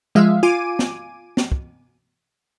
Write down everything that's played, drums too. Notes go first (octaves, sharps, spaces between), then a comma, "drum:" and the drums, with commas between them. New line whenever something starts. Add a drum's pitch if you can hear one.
F3 G#3 E5 F5
F4 G#5 D6 D#7
drum: snare
drum: snare
drum: kick